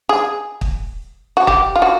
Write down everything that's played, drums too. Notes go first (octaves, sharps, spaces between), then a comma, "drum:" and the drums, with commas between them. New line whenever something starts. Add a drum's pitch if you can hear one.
G#4
drum: kick
F#4
G4, drum: kick
F4
F#4